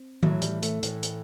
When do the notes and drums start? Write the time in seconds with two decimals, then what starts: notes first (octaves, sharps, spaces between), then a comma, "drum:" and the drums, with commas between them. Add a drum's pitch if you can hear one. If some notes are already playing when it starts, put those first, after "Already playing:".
Already playing: C4
0.23 A2 E3 F#3, drum: tom D#3
0.42 G3, drum: hi-hat
0.62 A3, drum: hi-hat
0.83 A2 E3, drum: hi-hat
1.03 drum: hi-hat